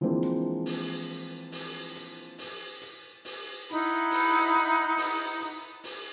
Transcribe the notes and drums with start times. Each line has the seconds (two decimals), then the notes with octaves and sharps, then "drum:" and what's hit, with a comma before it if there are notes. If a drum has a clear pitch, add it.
0.01 E3 F3 G#3 A#3 C4 D4
0.23 drum: hi-hat
0.66 drum: open hi-hat
1.52 drum: open hi-hat
1.95 drum: hi-hat
2.38 drum: open hi-hat
2.82 drum: hi-hat
3.25 drum: open hi-hat
3.71 D#4 E4 F#5 B5, drum: hi-hat
4.11 drum: open hi-hat
4.54 drum: hi-hat
4.97 drum: open hi-hat
5.41 drum: hi-hat
5.84 drum: open hi-hat